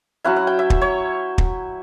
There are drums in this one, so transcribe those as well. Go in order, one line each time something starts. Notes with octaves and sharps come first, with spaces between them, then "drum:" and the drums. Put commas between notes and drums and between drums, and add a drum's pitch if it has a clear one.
F#3 C#4 E4 F#5
F#5
G5
E5
drum: kick
C#5
drum: kick